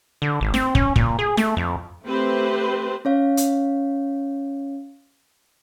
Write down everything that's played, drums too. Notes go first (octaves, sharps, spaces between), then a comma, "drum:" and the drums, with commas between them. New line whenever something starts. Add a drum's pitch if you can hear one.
D3
G#1
C4, drum: snare
C#4, drum: kick
A#2, drum: kick
G#4
A3, drum: snare
F2
A3 C4 G4 B4 C5
C#4 C#5 F5
drum: hi-hat